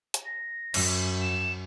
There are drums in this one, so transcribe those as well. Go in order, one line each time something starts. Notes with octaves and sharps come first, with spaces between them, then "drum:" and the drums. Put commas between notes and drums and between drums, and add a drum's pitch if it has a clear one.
drum: hi-hat
A#6
F#2, drum: cymbal
E7